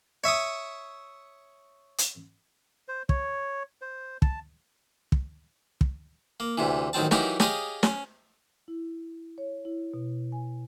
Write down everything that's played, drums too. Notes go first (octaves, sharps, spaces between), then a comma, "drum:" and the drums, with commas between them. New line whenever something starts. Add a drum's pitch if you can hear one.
C#5 E5 C#6 D#6
drum: hi-hat
C5
C#5, drum: kick
C5
A5, drum: kick
drum: kick
drum: kick
A#3
D2 C3 E3
A1 D#3 F#3 C4 A5
E3 F#3 D#4 F#4 G4 A#4, drum: snare
G4 G#4 C#5 D#5 F5, drum: snare
C#4, drum: snare
E4
C#5
E4
B2
G#5